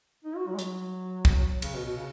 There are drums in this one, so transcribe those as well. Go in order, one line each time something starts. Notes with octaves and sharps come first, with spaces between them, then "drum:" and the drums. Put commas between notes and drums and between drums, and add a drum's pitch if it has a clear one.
D#4
F#4
F#3
G#3
F#3, drum: hi-hat
drum: kick
C#3, drum: cymbal
B2
B2
C#3